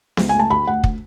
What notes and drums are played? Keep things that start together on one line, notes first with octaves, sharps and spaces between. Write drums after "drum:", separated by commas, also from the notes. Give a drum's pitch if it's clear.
C#2, drum: snare B3
A3 G#5
A5
D2 B5
D2 F#5
drum: kick